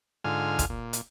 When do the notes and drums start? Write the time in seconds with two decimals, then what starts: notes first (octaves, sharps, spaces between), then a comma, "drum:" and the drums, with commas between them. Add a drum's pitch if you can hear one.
0.24 G#2 D3 F4 G#5 F6
0.59 drum: kick, hi-hat
0.70 A#2
0.93 drum: hi-hat